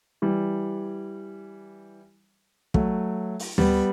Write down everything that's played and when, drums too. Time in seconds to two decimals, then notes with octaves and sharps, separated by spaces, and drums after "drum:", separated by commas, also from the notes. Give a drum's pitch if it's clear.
0.22 E3 G3
2.74 F#3 A3, drum: kick
3.39 drum: open hi-hat
3.58 G3 B3, drum: tom D2